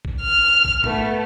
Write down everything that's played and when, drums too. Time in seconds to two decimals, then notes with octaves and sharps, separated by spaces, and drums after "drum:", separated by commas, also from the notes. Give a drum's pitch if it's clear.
0.05 drum: kick
0.22 F6
0.65 drum: kick
0.84 A3 B3, drum: tom G#2